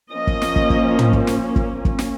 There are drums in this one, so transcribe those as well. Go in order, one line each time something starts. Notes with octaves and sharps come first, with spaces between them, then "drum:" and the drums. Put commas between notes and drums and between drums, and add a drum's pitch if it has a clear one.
F3 A#3 C#4 D#5
drum: kick
drum: snare
drum: kick
drum: kick
drum: tom
drum: kick
drum: snare
drum: kick
A#3 C#4, drum: kick
drum: snare